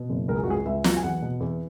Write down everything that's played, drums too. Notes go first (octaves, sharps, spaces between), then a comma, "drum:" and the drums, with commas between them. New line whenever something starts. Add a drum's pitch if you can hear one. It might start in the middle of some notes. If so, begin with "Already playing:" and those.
Already playing: B2
F#1
C#2 A#4
G#4
F#4
C#2 G#4
C#2 E5
F#3, drum: snare
G#5
E2 F#5
B2
E2